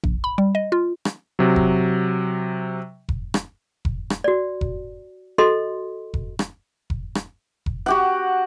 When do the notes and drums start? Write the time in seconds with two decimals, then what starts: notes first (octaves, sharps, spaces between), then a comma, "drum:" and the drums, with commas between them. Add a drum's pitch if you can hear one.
0.04 A#1, drum: kick F1
0.24 B5
0.38 G3
0.55 D#5
0.72 F4
1.05 drum: rim click
1.39 C3 F#3
1.56 drum: kick F1
3.09 drum: kick F1
3.34 drum: rim click
3.85 drum: kick F1
4.10 drum: rim click
4.24 F#4 D5
4.61 drum: kick F1
5.38 F#4 A4 D#5 C6
6.14 drum: kick F1
6.39 drum: rim click
6.90 drum: kick F1
7.15 drum: rim click
7.66 drum: kick F1
7.86 F#4 G4 F#5